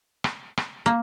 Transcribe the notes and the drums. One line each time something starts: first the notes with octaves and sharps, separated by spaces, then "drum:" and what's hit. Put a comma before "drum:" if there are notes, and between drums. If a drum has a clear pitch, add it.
drum: rim click
drum: rim click
A#3